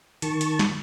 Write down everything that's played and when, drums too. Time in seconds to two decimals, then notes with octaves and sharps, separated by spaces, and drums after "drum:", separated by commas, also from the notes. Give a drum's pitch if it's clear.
0.22 D#3 A5 C#6, drum: hi-hat
0.41 drum: hi-hat
0.59 drum: snare